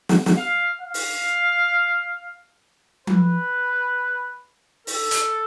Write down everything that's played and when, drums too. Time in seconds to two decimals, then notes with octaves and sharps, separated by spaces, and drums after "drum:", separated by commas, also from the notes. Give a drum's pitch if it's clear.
0.09 drum: snare
0.26 drum: snare
0.37 F5
0.82 F5
0.94 drum: open hi-hat
3.07 B4, drum: tom F3
4.87 A4, drum: open hi-hat
5.11 drum: hi-hat